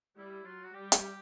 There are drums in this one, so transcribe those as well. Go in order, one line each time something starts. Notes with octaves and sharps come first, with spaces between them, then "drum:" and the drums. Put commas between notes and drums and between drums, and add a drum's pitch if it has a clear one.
G3 E4
F#3 F4
F#4
G3 G4
drum: hi-hat